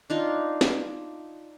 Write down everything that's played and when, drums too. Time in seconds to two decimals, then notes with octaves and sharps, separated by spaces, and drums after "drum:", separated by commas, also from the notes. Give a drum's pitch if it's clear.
0.10 D4 D#4 F4
0.61 drum: snare